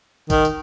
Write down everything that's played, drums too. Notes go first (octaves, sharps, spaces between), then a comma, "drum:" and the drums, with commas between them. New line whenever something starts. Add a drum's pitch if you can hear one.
D#3, drum: kick, tambourine
drum: tambourine